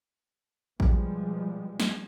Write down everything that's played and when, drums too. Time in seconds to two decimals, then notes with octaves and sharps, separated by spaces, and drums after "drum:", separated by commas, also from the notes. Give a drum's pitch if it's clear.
0.80 B2 F3 G3 G#3, drum: kick A1
1.80 drum: snare